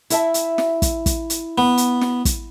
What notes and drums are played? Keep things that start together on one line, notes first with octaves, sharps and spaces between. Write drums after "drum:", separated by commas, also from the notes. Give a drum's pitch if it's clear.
E4 E5 A5, drum: hi-hat
drum: hi-hat
drum: snare
drum: kick, hi-hat
drum: kick, hi-hat
drum: hi-hat
B3
drum: hi-hat
drum: snare
drum: kick, hi-hat